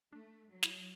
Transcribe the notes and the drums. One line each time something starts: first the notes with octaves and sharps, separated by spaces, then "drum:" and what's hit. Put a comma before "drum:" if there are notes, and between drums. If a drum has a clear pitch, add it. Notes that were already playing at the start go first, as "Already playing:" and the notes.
A3 D4
F#3
E4, drum: snare